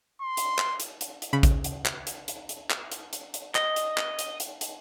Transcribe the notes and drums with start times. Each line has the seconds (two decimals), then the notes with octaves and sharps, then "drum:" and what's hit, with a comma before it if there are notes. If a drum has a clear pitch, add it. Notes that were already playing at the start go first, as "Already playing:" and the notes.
0.21 C6
0.37 drum: hi-hat
0.58 drum: clap
0.80 drum: hi-hat
1.01 drum: hi-hat
1.22 drum: hi-hat
1.33 C#3 B5
1.43 drum: kick, hi-hat
1.64 drum: hi-hat
1.86 drum: clap
2.07 drum: hi-hat
2.28 drum: hi-hat
2.49 drum: hi-hat
2.70 drum: clap
2.92 drum: hi-hat
3.13 drum: hi-hat
3.34 drum: hi-hat
3.55 D#5, drum: clap
3.76 drum: hi-hat
3.97 drum: clap
4.19 drum: hi-hat
4.40 drum: hi-hat
4.61 drum: hi-hat